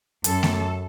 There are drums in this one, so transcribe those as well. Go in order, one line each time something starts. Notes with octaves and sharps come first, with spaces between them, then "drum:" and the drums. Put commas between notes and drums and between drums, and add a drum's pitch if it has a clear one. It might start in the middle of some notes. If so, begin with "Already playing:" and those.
F#2 A4, drum: hi-hat
drum: snare A3